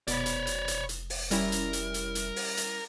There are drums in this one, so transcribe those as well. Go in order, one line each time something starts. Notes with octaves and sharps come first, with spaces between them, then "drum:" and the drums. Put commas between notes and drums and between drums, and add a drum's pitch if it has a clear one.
F1 B2 C#5 D5 B5, drum: hi-hat
drum: hi-hat
drum: hi-hat
drum: hi-hat
drum: hi-hat
drum: open hi-hat
G3 C#4 E4 A#4, drum: hi-hat
drum: hi-hat
drum: hi-hat
drum: hi-hat
drum: hi-hat
drum: open hi-hat
drum: hi-hat